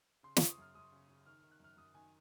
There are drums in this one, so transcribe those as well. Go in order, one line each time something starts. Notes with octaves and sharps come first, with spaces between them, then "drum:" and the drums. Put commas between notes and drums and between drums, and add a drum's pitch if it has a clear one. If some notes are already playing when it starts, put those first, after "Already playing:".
C#3 C6
C#6, drum: snare
C#3
D#6
F#2 F6
F#2 D#6
C#3
C#3
D#3 F6
F6
D#3
F#6
F#2 F6
F#2 D#6
D#3 G#5